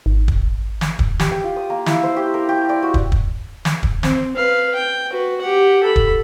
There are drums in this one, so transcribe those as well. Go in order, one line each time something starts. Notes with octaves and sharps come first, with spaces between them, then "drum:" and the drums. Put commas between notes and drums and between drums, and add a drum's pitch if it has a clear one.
G#1
drum: kick
drum: snare
drum: kick
G4, drum: snare
G5
F4
D#6
A#3
E4, drum: snare
C5
G4
A#4
G4
D5
F#4
drum: kick
drum: kick
drum: snare
drum: kick
C4, drum: snare
B4 F5
G5
F#4 B4
G4 F#5
A4 B5
drum: kick